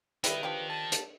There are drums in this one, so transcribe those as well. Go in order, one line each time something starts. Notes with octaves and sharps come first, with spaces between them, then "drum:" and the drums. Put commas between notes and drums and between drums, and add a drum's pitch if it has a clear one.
G3 E4 A#4 B4 D#5, drum: hi-hat
F3 D4 G4
A5
drum: hi-hat